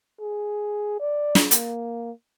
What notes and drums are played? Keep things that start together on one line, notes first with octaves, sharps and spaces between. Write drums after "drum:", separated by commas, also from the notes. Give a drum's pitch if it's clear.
G#4
D5
drum: snare
A#3, drum: hi-hat